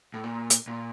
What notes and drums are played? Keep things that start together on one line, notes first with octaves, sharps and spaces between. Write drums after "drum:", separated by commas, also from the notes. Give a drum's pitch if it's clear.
A2
A#2
drum: hi-hat
A#2